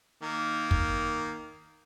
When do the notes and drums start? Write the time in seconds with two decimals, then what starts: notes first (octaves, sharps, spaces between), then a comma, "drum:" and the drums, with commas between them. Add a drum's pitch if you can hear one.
0.23 D#3 A#3
0.71 drum: kick